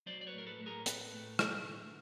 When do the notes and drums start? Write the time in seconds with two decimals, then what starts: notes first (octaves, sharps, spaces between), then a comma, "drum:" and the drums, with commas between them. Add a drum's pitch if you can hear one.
0.06 F#3 C5 D5
0.21 D5
0.27 B4 C#5
0.33 A2 A#4
0.47 A4 B4
0.60 A2
0.66 G#4 A#4
0.86 A2 A4 B4, drum: hi-hat
1.12 A2
1.39 A2, drum: rim click
1.65 D3